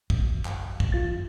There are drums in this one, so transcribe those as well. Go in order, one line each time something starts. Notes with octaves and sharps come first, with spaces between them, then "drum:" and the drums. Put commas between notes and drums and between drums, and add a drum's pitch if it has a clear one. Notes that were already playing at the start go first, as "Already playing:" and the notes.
F#2, drum: kick
drum: clap
drum: kick
F2 F4 A6